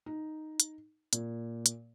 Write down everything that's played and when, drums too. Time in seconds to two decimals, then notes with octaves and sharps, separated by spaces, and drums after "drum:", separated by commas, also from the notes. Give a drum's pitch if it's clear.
0.06 D#4
0.60 drum: hi-hat
1.13 A#2, drum: hi-hat
1.66 drum: hi-hat